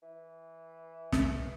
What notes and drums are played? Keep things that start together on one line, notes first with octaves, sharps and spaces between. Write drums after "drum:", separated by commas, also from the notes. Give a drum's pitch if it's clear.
E3
drum: snare